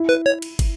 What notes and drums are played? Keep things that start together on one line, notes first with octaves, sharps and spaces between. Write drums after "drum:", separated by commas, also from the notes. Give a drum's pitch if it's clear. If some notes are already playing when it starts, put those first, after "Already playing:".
Already playing: E4
B4
C#5
drum: cymbal
drum: kick, cymbal